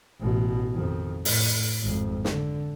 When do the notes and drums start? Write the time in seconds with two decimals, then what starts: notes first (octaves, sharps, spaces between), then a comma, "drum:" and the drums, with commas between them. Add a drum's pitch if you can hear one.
0.20 A1 B2
0.73 F2 D#3
1.25 A2, drum: open hi-hat
1.82 G#1 F2
2.25 D3, drum: snare